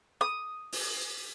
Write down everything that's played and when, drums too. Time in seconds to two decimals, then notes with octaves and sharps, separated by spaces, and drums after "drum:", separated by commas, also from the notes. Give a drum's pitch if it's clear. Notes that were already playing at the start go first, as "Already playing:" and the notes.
0.21 D#6
0.72 drum: open hi-hat